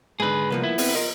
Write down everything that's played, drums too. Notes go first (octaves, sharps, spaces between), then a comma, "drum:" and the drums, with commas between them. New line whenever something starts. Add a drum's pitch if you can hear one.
G#2 D3 G#4 B4
C2 F3 A#3 B3
E4
B3 C4, drum: open hi-hat
F4 A#4 D#5